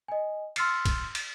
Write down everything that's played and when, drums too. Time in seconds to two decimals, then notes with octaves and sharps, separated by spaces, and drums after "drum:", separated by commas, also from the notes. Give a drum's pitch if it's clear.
0.08 D#5 G#5
0.56 C6 E6 F6 A6 C7 C#7, drum: cymbal
0.86 drum: kick, cymbal
1.15 drum: cymbal